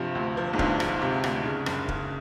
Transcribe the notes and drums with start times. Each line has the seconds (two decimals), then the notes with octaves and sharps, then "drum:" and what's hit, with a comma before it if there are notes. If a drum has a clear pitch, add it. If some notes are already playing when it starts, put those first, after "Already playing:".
Already playing: G2 C3 F3
0.15 D2
0.37 F3
0.53 G#2
0.59 D2 G2, drum: kick
0.80 F3, drum: rim click
1.02 C3
1.24 D2, drum: rim click
1.45 C#3
1.66 F#1, drum: rim click
1.88 C#3, drum: kick